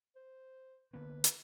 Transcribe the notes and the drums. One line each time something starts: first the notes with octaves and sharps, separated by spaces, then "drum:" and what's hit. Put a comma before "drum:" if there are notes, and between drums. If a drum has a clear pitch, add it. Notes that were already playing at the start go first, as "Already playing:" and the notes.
C5
D3 A#3 B3 B4
drum: hi-hat